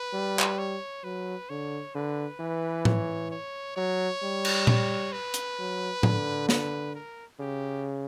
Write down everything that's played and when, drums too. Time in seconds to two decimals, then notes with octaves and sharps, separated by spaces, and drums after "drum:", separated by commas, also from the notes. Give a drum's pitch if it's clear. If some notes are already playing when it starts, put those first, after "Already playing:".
Already playing: B4
0.14 G3
0.39 drum: clap
0.59 C#5
1.04 F#3 B4
1.50 D3 C#5
1.95 D3 B4
2.40 E3
2.85 C#5, drum: tom A2
3.31 C#5
3.76 F#3 C#5
4.23 G3
4.45 drum: cymbal
4.67 C#5, drum: tom A#2
5.13 B4
5.34 drum: hi-hat
5.59 F#3
6.03 D3, drum: tom A2
6.49 B4, drum: snare
6.95 A#4
7.40 C#3 G4